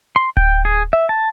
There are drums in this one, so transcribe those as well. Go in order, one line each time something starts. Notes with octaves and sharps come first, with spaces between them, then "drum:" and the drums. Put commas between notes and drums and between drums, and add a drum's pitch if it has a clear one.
C6
G5, drum: kick D1
G#4
E5
A5